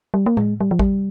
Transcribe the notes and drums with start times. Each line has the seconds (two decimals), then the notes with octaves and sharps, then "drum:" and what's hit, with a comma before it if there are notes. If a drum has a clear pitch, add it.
0.14 G3
0.26 A#3
0.37 G#3, drum: tom A2
0.61 G3
0.71 F3
0.79 G3, drum: kick A1